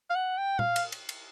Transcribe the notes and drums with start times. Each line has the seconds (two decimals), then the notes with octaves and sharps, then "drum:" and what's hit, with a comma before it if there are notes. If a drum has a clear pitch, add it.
0.10 F5
0.15 F#5
0.38 G5
0.59 F5, drum: tom A#2
0.76 drum: cymbal
0.92 drum: cymbal
1.09 drum: cymbal